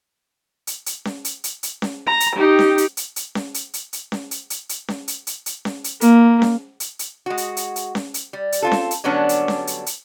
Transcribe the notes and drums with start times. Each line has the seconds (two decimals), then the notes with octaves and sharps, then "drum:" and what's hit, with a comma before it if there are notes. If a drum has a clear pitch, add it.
0.67 drum: hi-hat
0.86 drum: hi-hat
1.05 drum: snare C#4
1.25 drum: hi-hat
1.44 drum: hi-hat
1.63 drum: hi-hat
1.82 drum: snare C#4
2.07 A#5
2.20 drum: hi-hat
2.36 D#4 G4
2.59 drum: snare C#4
2.78 drum: hi-hat
2.97 drum: hi-hat
3.16 drum: hi-hat
3.35 drum: snare C#4
3.54 drum: hi-hat
3.74 drum: hi-hat
3.93 drum: hi-hat
4.12 drum: snare C#4
4.31 drum: hi-hat
4.50 drum: hi-hat
4.69 drum: hi-hat
4.88 drum: snare C#4
5.08 drum: hi-hat
5.27 drum: hi-hat
5.46 drum: hi-hat
5.65 drum: snare C#4
5.84 drum: hi-hat
6.01 A#3, drum: hi-hat
6.42 drum: snare C#4
6.80 drum: hi-hat
6.99 drum: hi-hat
7.26 G#3 F#4
7.37 drum: hi-hat
7.57 drum: hi-hat
7.76 drum: hi-hat
7.95 drum: snare C#4
8.14 drum: hi-hat
8.33 G3
8.52 drum: hi-hat
8.62 C4 F4 A4
8.72 drum: snare C#4
8.91 drum: hi-hat
9.04 D3 F#3 G3 B3 C#4 D4
9.29 drum: hi-hat
9.48 drum: snare C#4
9.67 drum: hi-hat
9.86 drum: hi-hat